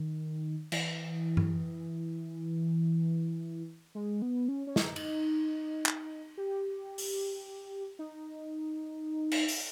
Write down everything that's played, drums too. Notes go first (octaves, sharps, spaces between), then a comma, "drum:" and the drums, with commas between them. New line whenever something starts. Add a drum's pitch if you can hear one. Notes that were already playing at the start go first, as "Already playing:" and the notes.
Already playing: D#3
E3, drum: cymbal
drum: tom G2
G#3
B3
C#4
C#4
D#4, drum: snare
drum: cymbal
drum: clap
G4
drum: open hi-hat
D#4
drum: cymbal
drum: open hi-hat